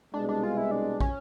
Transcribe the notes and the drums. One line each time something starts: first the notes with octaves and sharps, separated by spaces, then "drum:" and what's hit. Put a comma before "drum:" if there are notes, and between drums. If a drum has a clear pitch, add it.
C2 B2 G#3 D4
D4
F4
E4
D4
C#4, drum: kick